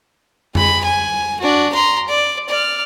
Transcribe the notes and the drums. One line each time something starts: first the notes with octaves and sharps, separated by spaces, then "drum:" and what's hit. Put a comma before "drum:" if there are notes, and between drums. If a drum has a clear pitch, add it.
G#3 B5, drum: tom F2
G#5
D4 F#4
A#5 C6
D5
D5 F6